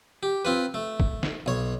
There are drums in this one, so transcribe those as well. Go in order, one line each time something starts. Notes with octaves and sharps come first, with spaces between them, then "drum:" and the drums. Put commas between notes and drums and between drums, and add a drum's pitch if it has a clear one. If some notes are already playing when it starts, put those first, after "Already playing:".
G4
C4 F4 B4
A3
drum: kick
drum: snare
B1 C#5